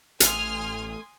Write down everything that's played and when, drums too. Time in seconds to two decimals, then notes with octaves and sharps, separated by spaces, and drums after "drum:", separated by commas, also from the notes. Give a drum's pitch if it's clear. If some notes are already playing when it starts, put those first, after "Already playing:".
0.20 A1 A3 B3 G#5 C6 D#6 F6, drum: hi-hat